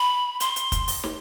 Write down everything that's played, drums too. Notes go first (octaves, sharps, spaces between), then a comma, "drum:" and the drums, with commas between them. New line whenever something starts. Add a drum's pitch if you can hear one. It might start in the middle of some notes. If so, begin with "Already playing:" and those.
Already playing: B5
C6, drum: hi-hat
drum: hi-hat
drum: kick, hi-hat
drum: open hi-hat
drum: snare